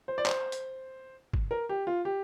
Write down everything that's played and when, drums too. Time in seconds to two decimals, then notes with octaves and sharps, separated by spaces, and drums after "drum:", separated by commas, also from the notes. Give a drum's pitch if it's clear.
0.08 C5
0.18 D5
0.26 C5, drum: clap
0.52 drum: hi-hat
1.33 drum: kick
1.51 A#4
1.69 G4
1.87 F4
2.05 G4